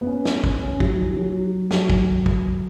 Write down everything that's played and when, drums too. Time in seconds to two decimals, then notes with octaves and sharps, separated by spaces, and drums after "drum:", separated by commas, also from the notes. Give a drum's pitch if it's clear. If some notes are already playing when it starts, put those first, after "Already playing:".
0.01 B3
0.07 C#4
0.25 drum: snare
0.44 drum: kick
0.62 C#4
0.80 F#3, drum: kick
0.98 F#3
1.17 F#3
1.71 F#3, drum: snare
1.90 drum: kick
2.26 drum: kick